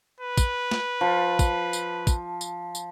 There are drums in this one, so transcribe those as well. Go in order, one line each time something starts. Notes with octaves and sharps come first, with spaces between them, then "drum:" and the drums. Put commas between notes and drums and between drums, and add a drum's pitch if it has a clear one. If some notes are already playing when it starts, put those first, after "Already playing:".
B4
drum: kick, tambourine
drum: snare
F3
drum: kick, tambourine
drum: tambourine
drum: kick, tambourine
drum: tambourine
drum: tambourine